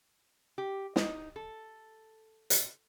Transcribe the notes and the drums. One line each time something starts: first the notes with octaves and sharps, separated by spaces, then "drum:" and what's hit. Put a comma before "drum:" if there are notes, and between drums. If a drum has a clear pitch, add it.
G4
D#4, drum: snare
A4
drum: hi-hat